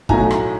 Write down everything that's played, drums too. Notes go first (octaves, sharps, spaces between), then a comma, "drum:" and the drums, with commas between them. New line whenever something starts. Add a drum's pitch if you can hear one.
B1 A2 F#3 A3 G#5 A#5, drum: kick
drum: rim click